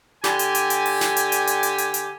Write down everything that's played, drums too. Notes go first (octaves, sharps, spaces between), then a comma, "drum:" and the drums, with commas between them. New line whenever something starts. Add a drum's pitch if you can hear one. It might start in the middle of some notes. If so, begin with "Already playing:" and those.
D3 G4 G#5, drum: snare
drum: hi-hat
drum: hi-hat
drum: hi-hat
drum: open hi-hat
drum: snare
drum: hi-hat
drum: hi-hat
drum: hi-hat
drum: hi-hat
drum: hi-hat
drum: hi-hat